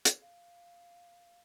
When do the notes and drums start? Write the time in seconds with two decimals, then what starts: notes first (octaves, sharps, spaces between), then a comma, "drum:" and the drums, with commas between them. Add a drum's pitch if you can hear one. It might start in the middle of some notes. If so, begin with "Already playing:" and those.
0.05 drum: hi-hat
0.21 F5